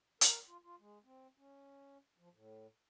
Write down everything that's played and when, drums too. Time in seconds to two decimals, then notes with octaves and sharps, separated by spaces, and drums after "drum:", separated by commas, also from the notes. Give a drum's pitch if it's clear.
0.21 A#4, drum: hi-hat
0.48 F4
0.63 F4
0.79 G#3
1.04 C4
1.37 C#4
2.18 F3
2.33 A2